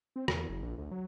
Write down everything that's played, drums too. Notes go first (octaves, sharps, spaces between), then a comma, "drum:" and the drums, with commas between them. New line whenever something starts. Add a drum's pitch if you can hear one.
C4
E2, drum: rim click
F#1
A#1
D2
F#3